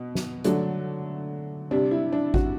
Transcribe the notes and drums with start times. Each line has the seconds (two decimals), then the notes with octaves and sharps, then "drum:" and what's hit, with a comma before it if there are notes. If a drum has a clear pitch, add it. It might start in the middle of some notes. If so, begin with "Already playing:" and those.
Already playing: B2
0.15 drum: snare
0.44 D3 F#3 A3 D4, drum: hi-hat
1.71 C3 G3 D4
1.91 E4
2.12 D4
2.34 F#4, drum: kick G#1